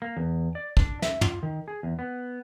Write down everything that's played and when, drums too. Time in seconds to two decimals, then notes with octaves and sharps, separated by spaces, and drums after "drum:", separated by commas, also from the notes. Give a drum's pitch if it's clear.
0.02 A#3
0.17 E2
0.55 D5
0.77 D4, drum: kick
1.02 E5, drum: snare
1.21 F4, drum: tom
1.43 D#3
1.68 G#4
1.83 E2
1.99 B3